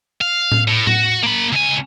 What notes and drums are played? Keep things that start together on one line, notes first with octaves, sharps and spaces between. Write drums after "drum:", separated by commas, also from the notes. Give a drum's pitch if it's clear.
F5
drum: tom A2
A2
F#4, drum: tom A2
A#3 B5
C#2 G#5